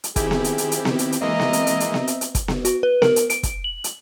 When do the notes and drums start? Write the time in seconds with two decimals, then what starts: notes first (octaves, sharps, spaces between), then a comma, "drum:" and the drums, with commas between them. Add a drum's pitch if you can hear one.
0.04 drum: hi-hat
0.16 D#3 C4 E4 G4 G#4, drum: kick, hi-hat
0.31 drum: snare B3
0.44 drum: hi-hat
0.58 drum: hi-hat
0.72 drum: hi-hat
0.85 drum: snare B3
0.99 drum: hi-hat
1.12 drum: hi-hat
1.22 E3 G#3 A#3 D#5 E5 A#5
1.40 drum: snare B3
1.53 drum: hi-hat
1.67 drum: hi-hat
1.80 drum: hi-hat
1.94 drum: snare B3
2.07 drum: hi-hat
2.21 drum: hi-hat
2.35 drum: kick, hi-hat
2.48 drum: snare B3
2.65 F#4, drum: hi-hat
2.83 B4
3.02 A#4, drum: snare B3
3.16 drum: hi-hat
3.30 D7, drum: hi-hat
3.43 drum: kick, hi-hat
3.64 F#7
3.84 drum: hi-hat